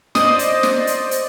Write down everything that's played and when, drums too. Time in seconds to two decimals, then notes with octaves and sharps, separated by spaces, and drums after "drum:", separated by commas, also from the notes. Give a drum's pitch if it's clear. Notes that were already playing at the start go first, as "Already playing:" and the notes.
0.15 C5 D5 D#5 D#6, drum: snare
0.39 drum: hi-hat
0.63 drum: snare
0.87 drum: hi-hat
1.11 drum: hi-hat